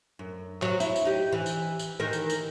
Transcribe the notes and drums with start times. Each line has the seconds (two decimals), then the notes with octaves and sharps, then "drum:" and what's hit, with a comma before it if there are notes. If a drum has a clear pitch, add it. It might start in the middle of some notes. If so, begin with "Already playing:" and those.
0.19 F#2
0.62 F#3, drum: clap
0.80 E4, drum: tambourine
0.96 drum: tambourine
1.05 D#4 G4
1.32 E3
1.46 drum: tambourine
1.79 drum: tambourine
2.00 D#3 E3 A#4
2.13 drum: tambourine
2.30 drum: tambourine